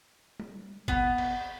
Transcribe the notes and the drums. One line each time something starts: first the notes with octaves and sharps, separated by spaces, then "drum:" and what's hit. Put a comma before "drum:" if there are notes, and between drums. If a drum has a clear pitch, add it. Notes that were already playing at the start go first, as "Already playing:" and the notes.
drum: tom G3
B3, drum: kick
drum: cymbal